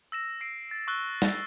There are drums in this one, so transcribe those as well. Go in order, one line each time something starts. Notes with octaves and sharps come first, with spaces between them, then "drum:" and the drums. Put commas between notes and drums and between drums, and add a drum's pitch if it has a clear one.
E6 A#6 E7
E6 C7 D7
A6
C#6 E6 F#6 G7
drum: snare